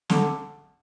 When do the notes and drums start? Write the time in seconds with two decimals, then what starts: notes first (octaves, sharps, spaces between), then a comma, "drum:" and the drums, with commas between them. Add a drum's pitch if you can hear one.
0.09 D3, drum: snare